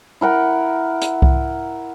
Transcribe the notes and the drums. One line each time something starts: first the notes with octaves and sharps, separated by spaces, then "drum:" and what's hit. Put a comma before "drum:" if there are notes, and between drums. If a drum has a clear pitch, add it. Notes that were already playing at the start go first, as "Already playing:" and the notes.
E4 A#4 F#5 G5
drum: hi-hat
drum: kick C2